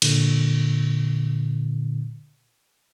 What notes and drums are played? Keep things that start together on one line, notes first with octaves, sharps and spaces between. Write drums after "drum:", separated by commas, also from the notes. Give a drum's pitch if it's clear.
A#2 D3, drum: cymbal